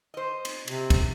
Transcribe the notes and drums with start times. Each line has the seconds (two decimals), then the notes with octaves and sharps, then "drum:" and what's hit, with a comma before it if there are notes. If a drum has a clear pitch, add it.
0.14 C5 D#5
0.45 drum: cymbal
0.68 C3, drum: cymbal
0.90 drum: kick, cymbal